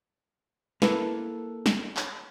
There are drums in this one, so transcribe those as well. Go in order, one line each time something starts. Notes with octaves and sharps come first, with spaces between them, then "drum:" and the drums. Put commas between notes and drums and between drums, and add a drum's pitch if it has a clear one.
A#3 E4 A4 B4, drum: snare
drum: snare
drum: clap